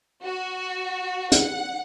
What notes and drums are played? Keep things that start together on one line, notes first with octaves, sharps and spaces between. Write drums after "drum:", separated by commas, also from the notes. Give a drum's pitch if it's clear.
F#4
F#5, drum: hi-hat